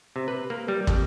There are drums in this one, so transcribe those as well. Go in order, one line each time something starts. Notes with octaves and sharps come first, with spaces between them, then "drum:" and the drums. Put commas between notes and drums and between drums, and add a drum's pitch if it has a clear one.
C3
B4
A#3
G3
F2, drum: kick